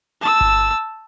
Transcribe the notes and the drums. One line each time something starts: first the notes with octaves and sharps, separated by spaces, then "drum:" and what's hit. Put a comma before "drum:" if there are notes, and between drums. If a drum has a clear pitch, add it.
A5 E6
drum: kick G1